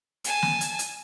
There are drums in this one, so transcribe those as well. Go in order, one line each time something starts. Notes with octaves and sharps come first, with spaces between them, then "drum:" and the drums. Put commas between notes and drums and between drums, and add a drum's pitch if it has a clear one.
G#5 A5, drum: hi-hat
drum: snare
drum: hi-hat
drum: hi-hat